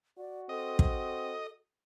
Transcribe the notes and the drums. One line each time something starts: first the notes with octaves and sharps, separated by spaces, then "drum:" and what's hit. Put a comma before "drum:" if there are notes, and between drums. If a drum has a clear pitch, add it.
F#4 D5
C4 A4 D#5
drum: kick